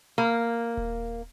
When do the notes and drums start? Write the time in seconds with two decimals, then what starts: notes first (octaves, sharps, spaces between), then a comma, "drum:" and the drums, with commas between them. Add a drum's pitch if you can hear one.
0.18 A#3
0.77 drum: kick D#1